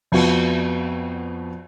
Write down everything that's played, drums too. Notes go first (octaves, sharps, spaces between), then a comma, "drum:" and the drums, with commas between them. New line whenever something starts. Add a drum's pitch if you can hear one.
F2 F3 B3 F#4, drum: cymbal